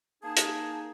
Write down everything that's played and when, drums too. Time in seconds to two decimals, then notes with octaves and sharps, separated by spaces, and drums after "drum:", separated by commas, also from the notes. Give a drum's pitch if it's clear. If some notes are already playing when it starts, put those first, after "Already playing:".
0.23 A#3 D#4 G#4 A5
0.37 drum: hi-hat